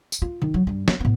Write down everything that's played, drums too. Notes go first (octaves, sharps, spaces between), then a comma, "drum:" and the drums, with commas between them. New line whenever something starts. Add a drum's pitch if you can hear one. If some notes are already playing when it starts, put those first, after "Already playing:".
drum: tambourine
F4
D#3
F#3
G2 G3
A#3, drum: snare
A2 B3